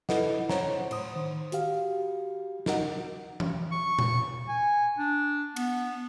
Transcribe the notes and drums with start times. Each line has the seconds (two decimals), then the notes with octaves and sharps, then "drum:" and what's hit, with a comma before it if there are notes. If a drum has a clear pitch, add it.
0.09 E4 A4 B4 D#5 F#5, drum: snare
0.49 C5 C#5 F#5 A#5, drum: snare
0.91 A2 C5 D#6, drum: cymbal
1.16 D#3
1.52 F#4 G4 F5, drum: hi-hat
2.66 D#4 F#4 A#4 D#5 F#5, drum: snare
3.40 drum: tom E3
3.72 C#6
3.99 drum: tom A#2
4.48 G#5
4.98 D4
5.56 B3, drum: cymbal